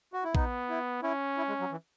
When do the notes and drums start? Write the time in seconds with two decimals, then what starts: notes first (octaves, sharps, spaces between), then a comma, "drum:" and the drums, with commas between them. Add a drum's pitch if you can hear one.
0.13 F#4
0.24 E4
0.35 B3 D#4, drum: kick
0.69 E4
1.02 C#4 E4
1.37 E4
1.48 G#3
1.60 F#3
1.71 E3